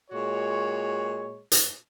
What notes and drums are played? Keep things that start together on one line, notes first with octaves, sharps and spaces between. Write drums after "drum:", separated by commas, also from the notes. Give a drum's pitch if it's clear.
A#2 G#3 F#4 C#5
drum: hi-hat